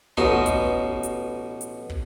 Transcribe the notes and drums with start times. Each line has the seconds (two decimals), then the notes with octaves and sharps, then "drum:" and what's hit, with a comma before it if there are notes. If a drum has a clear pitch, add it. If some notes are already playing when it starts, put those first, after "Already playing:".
0.17 A1 B2 D#4 C6, drum: kick
0.46 drum: kick, hi-hat
1.03 drum: hi-hat
1.61 drum: hi-hat
1.90 drum: kick